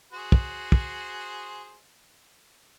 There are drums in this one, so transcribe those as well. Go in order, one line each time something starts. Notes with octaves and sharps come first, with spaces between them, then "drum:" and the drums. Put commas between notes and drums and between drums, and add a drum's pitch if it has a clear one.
F#4 G#4 C5
drum: kick
drum: kick